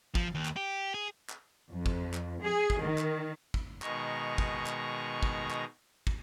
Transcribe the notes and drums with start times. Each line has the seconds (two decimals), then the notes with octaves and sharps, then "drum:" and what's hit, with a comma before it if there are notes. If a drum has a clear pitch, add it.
0.15 F3, drum: kick
0.35 D#2
0.45 drum: clap
0.56 G4
0.94 G#4
1.30 drum: clap
1.71 F2
1.86 drum: kick
2.14 drum: clap
2.42 G#4
2.70 drum: kick
2.81 D#3
2.98 drum: clap
3.54 drum: kick
3.82 B2 D#3 G#3 A#5 C#6, drum: clap
4.38 drum: kick
4.66 drum: clap
5.23 drum: kick
5.51 drum: clap
6.07 drum: kick